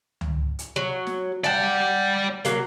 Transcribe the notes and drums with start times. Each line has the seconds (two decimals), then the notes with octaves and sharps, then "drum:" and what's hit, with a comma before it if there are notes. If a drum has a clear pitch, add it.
0.21 drum: tom C#2
0.59 drum: hi-hat
0.76 F#3
1.07 drum: snare
1.44 D5 F#5 G5 A5
2.45 F#3 A#3, drum: hi-hat